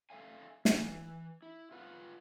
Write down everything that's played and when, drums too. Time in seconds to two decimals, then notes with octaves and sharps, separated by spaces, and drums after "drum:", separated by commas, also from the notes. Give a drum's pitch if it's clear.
0.10 A4 C5 E5 F5 G#5
0.65 E3, drum: snare
1.42 E4
1.72 F4 B4 F#5